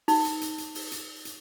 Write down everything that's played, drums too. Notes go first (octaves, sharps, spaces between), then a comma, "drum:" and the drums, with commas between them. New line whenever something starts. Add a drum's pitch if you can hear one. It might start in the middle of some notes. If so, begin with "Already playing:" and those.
D#4, drum: open hi-hat
drum: hi-hat
drum: hi-hat
drum: hi-hat
drum: open hi-hat
drum: hi-hat
drum: hi-hat